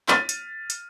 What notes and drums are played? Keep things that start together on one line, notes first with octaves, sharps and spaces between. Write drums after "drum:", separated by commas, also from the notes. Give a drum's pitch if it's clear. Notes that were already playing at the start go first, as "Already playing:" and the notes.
F6 A6 B6 D#7, drum: clap
drum: hi-hat
drum: hi-hat